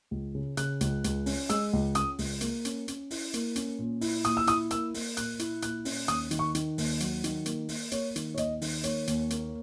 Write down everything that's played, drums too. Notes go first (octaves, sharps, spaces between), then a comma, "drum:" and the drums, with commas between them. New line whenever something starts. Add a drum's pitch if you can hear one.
C#2
C#3
C#3 F#6, drum: hi-hat
C#2, drum: hi-hat
C#2, drum: hi-hat
C#4, drum: open hi-hat
G#3 E6, drum: hi-hat
C#2
C#4 D#6, drum: hi-hat
C#2, drum: open hi-hat
A#3, drum: hi-hat
C#4, drum: hi-hat
C#4, drum: hi-hat
E4, drum: open hi-hat
A#3, drum: hi-hat
C#4, drum: hi-hat
A#2
E4, drum: open hi-hat
A#2 D#6, drum: hi-hat
E6
E4 D#6, drum: hi-hat
A#3 E6, drum: hi-hat
A#3, drum: open hi-hat
A#2 F#6, drum: hi-hat
E4, drum: hi-hat
A#2 F#6, drum: hi-hat
C#4, drum: open hi-hat
D#2 D#6, drum: hi-hat
D#3, drum: hi-hat
C#6
D#3, drum: hi-hat
D#2, drum: open hi-hat
F#3, drum: hi-hat
D#3, drum: hi-hat
A#3, drum: hi-hat
A#3, drum: open hi-hat
A#3 C#5, drum: hi-hat
D#3, drum: hi-hat
C#5
D#2 D#5, drum: hi-hat
D#3, drum: open hi-hat
A#3 C#5, drum: hi-hat
D#2, drum: hi-hat
A#3, drum: hi-hat